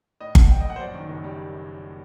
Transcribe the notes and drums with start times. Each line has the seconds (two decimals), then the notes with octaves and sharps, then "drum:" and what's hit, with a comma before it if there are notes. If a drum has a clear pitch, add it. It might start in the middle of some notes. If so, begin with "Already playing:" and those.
0.21 A2 D#5
0.35 A3 F#5, drum: kick G1
0.50 A#1 G5
0.60 D#5
0.64 A#1
0.70 F#5
0.76 C5
0.79 F#2 D5
0.94 D#3
1.09 F#1
1.24 G3